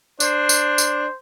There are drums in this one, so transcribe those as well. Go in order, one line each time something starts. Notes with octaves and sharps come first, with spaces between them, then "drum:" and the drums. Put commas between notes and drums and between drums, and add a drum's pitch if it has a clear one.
D4 C5, drum: tambourine
drum: tambourine
drum: tambourine